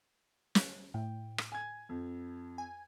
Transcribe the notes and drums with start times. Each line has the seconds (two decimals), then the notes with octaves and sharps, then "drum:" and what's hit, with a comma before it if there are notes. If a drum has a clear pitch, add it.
0.55 drum: snare
0.94 A2 G5
1.38 drum: rim click
1.52 G#5 G#6
1.89 F2
2.58 G#5